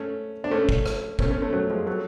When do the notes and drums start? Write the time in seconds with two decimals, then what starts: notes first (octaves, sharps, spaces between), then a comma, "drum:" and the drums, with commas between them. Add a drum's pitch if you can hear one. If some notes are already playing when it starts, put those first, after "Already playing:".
Already playing: A3 C#4
0.44 D4
0.51 A3 C#4
0.69 drum: kick
0.86 drum: rim click
1.19 A3 C#4, drum: kick
1.30 A3 C#4
1.42 A3 C#4
1.53 F#3 A3
1.70 F3 G#3
1.87 F#3 A3